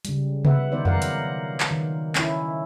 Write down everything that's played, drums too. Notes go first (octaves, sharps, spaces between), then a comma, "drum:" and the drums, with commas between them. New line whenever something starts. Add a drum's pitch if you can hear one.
C#3 G3, drum: hi-hat
B3 B4 E5 F#5, drum: tom C3
D#3 B3 D#4 C5 D5
B2 F#3 A#4 D5 F5 F#5, drum: tom F2
drum: hi-hat
drum: clap
D#3
C#4 E4, drum: clap